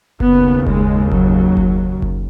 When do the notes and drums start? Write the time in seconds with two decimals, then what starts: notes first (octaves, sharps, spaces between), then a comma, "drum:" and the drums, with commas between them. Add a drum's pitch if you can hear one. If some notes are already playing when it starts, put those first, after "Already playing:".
0.20 D#2 C#3 B3, drum: kick F#1
0.67 G#3, drum: kick F#1
1.12 F#3, drum: kick F#1
1.57 drum: kick F#1
2.02 drum: kick F#1